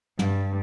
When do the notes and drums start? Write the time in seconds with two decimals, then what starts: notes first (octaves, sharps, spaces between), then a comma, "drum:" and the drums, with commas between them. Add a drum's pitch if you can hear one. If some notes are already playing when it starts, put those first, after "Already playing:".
0.19 G2, drum: tom